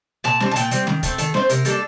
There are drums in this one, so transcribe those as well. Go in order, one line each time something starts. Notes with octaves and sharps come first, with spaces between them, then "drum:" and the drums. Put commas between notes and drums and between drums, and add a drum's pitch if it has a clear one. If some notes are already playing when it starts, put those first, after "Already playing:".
A#2 A5
G3 C4, drum: snare
A5
A#2 G5, drum: hi-hat
G3 C4, drum: hi-hat
D#3, drum: snare
A3 C4, drum: kick, hi-hat
D#3 A4, drum: hi-hat
A3 C4 C5, drum: snare
C3 A#4, drum: hi-hat
G3 A#3 D4 A4, drum: hi-hat